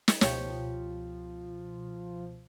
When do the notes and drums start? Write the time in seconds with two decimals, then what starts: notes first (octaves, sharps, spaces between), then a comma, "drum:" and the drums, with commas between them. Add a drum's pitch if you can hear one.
0.08 drum: snare
0.21 C#2 B2 F3 G4 C#5, drum: snare